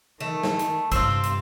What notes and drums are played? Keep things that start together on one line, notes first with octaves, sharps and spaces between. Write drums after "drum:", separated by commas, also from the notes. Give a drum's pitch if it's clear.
D#3 A3
drum: snare
drum: hi-hat
G2 C3 C4 F4 E6, drum: kick, hi-hat
drum: hi-hat